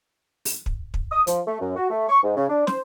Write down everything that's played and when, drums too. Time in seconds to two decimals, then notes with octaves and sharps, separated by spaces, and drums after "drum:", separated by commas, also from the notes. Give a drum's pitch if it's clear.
0.45 drum: open hi-hat
0.66 drum: kick
0.94 drum: kick
1.12 D#6
1.27 F3, drum: hi-hat
1.48 A3
1.61 F#2
1.76 F#4
1.91 A3
2.09 C#6
2.23 G#2
2.36 C#3
2.50 D4
2.67 C5, drum: snare